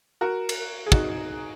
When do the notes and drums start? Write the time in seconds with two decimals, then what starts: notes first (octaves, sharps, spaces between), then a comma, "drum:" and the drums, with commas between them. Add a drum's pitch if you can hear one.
0.21 F#4 A#4
0.49 drum: cymbal
0.86 G#4
0.92 D#4 F#4, drum: kick